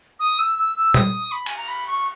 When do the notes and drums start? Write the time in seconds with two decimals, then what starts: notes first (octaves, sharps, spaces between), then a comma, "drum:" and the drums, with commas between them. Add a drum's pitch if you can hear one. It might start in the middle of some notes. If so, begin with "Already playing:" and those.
0.20 D#6
0.39 E6
0.57 E6
0.76 E6
0.94 D#6, drum: tom A#2
1.32 B5
1.46 G#5, drum: cymbal
1.57 A#5
1.68 B5
1.87 C#6